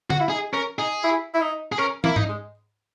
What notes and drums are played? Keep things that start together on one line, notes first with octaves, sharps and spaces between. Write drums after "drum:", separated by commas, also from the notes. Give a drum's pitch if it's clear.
F#4, drum: tom
E4
D#4 G#4
C#4 A#4
D#4 G#4
E4
E4
D#4
G#4
C#4 A#4
A#3 E4, drum: tom
D#4, drum: tom G#2
G#3